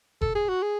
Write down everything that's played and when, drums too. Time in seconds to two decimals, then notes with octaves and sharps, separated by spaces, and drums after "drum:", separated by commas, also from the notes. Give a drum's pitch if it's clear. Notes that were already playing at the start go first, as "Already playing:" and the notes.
0.21 A4, drum: kick F1
0.35 G#4
0.49 F#4
0.63 G#4